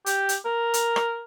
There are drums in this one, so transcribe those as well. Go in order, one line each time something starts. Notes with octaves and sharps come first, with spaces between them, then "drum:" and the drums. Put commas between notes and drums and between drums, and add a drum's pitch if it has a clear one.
G4, drum: hi-hat
drum: hi-hat
A#4
drum: hi-hat
drum: rim click